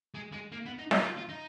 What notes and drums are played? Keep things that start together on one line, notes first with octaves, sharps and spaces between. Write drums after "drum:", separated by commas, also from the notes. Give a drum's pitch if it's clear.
G#3
G#3
A#3
B3
D#4
F4, drum: snare
F4
F4
D#4